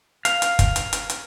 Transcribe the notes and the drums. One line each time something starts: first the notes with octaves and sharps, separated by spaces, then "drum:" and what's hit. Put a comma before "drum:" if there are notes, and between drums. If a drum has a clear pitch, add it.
F5, drum: hi-hat
drum: hi-hat
drum: kick, hi-hat
drum: hi-hat
drum: hi-hat
drum: hi-hat